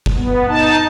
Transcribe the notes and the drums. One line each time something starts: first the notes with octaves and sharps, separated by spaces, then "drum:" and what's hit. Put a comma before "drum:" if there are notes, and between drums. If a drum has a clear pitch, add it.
drum: kick F#1
B3
D#4 A5